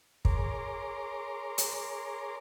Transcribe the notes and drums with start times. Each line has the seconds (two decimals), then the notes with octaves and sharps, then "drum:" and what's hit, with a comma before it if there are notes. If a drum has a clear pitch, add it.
0.25 G#4 A#4 C#5 A#5 C6 D6, drum: kick
1.58 drum: hi-hat